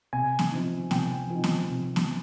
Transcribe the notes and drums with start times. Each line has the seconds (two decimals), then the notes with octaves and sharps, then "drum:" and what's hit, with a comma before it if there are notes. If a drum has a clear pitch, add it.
0.13 C3 G#5
0.39 drum: snare B3
0.52 F3 C4 D#4
0.91 C3 G5, drum: snare B3
1.30 F3 C4 D#4
1.44 drum: snare B3
1.70 C3
1.96 drum: snare B3